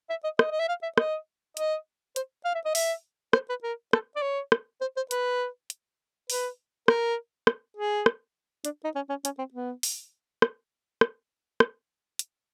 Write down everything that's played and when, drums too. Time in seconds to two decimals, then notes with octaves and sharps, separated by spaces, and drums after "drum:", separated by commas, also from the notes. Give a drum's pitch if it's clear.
0.10 E5
0.24 D#5
0.39 D#5, drum: rim click
0.51 D#5
0.59 E5
0.69 F5
0.83 E5
0.98 D#5, drum: rim click
1.57 D#5, drum: hi-hat
2.16 C5, drum: hi-hat
2.45 F5
2.55 E5
2.65 D#5
2.75 E5, drum: open hi-hat
3.33 C5, drum: rim click
3.49 B4
3.63 A#4
3.93 A4, drum: rim click
4.16 D5
4.22 C#5
4.52 drum: rim click
4.81 C5
4.96 C5
5.11 B4, drum: hi-hat
5.70 drum: hi-hat
6.30 B4, drum: open hi-hat
6.88 A#4, drum: rim click
7.47 drum: rim click
7.77 G#4
8.06 drum: rim click
8.65 D4, drum: hi-hat
8.84 D#4
8.95 C#4
9.09 C#4
9.25 C#4, drum: hi-hat
9.38 C4
9.54 B3
9.83 drum: open hi-hat
10.42 drum: rim click
11.01 drum: rim click
11.60 drum: rim click
12.19 drum: hi-hat